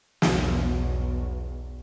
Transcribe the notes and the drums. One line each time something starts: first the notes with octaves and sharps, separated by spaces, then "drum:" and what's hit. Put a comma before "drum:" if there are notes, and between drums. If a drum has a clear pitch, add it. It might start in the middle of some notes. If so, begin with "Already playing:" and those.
B1 E2, drum: snare